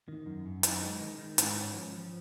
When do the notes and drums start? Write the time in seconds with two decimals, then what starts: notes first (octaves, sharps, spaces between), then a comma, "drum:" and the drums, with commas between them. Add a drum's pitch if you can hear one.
0.08 D#3
0.26 F#2
0.46 F#2
0.63 D#4, drum: hi-hat
0.82 G#3
1.00 D#3
1.18 D#3
1.38 G#2, drum: hi-hat
1.56 C#4
1.74 F3
1.92 F3